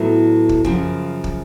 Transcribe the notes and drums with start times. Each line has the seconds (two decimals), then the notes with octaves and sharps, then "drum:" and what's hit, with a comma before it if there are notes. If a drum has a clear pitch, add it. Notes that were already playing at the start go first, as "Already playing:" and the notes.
Already playing: A2 F#3 B3 E4 A4
0.49 drum: kick
0.64 F#2 C#3 F3, drum: kick
1.24 drum: kick